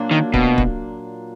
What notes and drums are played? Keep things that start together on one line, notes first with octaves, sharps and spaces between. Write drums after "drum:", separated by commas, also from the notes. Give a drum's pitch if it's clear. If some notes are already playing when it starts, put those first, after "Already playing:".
Already playing: A#2 F#3 A#3 D4
D#3
B2, drum: kick
drum: kick